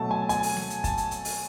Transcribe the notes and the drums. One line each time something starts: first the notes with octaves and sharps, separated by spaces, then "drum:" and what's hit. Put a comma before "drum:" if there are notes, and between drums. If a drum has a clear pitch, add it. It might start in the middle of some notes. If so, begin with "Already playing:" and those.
Already playing: B2 F#3 A3 A5
G#5
G#5, drum: hi-hat
drum: open hi-hat
drum: snare
drum: hi-hat
A5, drum: kick, hi-hat
drum: hi-hat
drum: hi-hat
drum: open hi-hat